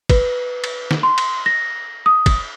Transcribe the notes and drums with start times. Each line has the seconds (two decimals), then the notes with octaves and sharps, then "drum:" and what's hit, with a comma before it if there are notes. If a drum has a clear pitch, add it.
0.09 B4, drum: kick, cymbal
0.64 drum: cymbal
0.91 drum: snare
1.03 C6
1.18 drum: cymbal
1.46 A#6
2.06 D#6
2.26 drum: kick, cymbal